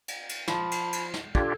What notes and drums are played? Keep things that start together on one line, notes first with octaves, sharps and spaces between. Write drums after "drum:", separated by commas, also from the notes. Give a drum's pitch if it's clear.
drum: cymbal
drum: cymbal
F3 A5 B5, drum: snare
drum: cymbal
drum: cymbal
drum: snare
D4 F4 G4 A4 G#6, drum: kick